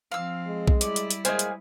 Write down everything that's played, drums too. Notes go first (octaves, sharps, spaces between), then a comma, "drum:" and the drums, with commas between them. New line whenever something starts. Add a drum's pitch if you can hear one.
F3 C4 F5 E6
G#3
drum: kick B1
G3 E4 D5, drum: hi-hat
drum: hi-hat
drum: hi-hat
G#3 A#3 G#4 C5 C#5 D#5 G#5, drum: hi-hat
drum: hi-hat